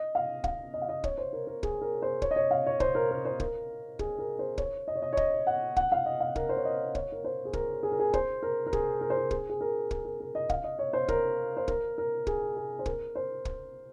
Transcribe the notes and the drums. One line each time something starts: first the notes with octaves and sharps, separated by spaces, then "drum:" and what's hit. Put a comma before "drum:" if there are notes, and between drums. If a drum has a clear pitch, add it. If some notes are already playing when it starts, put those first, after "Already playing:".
Already playing: D#5
F5
F5, drum: kick
D#5
F5
D#5
C#5, drum: kick
C5
A#4
A#4
G#4, drum: kick
A#4
C5
C#5, drum: kick
D#5
C#5
F5
C#5
C5, drum: kick
A#4
A#4
C5
A#4, drum: kick
G#4, drum: kick
A#4
C5
C#5, drum: kick
D#5
C#5
D#5
C#5
D#5, drum: kick
F#5
F#5, drum: kick
F5
D#5
F5
A#4, drum: kick
C5
C#5
D#5
C#5, drum: kick
A#4
C5
G#4
A#4, drum: kick
G#4
A#4
G#4
C5, drum: kick
A#4
A#4
G#4, drum: kick
A#4
C5
A#4
G#4, drum: kick
G#4
A#4
G#4, drum: kick
A#4
A#4
D#5
F5, drum: kick
D#5
C#5
C5
A#4, drum: kick
C5
A#4, drum: kick
A#4
G#4, drum: kick
G#4
C5
A#4, drum: kick
C5
drum: kick